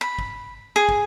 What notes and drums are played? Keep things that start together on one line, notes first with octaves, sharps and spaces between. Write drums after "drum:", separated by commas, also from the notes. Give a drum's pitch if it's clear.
B5
drum: kick
G#4
drum: kick